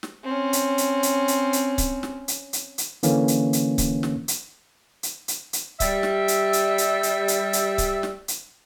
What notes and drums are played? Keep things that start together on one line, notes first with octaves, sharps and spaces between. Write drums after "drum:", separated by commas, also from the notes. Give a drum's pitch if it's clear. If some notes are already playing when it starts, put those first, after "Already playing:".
drum: snare
C4 C#4
drum: hi-hat
drum: hi-hat
drum: hi-hat
drum: hi-hat
drum: hi-hat
drum: kick C#1, hi-hat
drum: snare
drum: hi-hat
drum: hi-hat
drum: hi-hat
D3 E3 A#3 C#4, drum: hi-hat
drum: hi-hat
drum: hi-hat
drum: kick C#1, hi-hat
drum: snare
drum: hi-hat
drum: hi-hat
drum: hi-hat
drum: hi-hat
G3 E5, drum: kick C#1, hi-hat
drum: snare
drum: hi-hat
drum: hi-hat
drum: hi-hat
drum: hi-hat
drum: hi-hat
drum: hi-hat
drum: kick C#1, hi-hat
drum: snare
drum: hi-hat